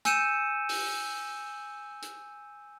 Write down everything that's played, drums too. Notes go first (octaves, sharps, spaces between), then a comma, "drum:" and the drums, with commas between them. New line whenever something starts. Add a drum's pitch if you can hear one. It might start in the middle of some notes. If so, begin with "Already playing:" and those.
G#5 E6 G6 C#7 D#7 E7, drum: hi-hat
drum: open hi-hat
drum: hi-hat